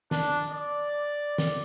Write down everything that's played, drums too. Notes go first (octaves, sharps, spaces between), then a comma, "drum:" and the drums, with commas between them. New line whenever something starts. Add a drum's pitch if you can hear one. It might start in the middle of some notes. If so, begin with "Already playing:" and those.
D4, drum: snare
D5
drum: snare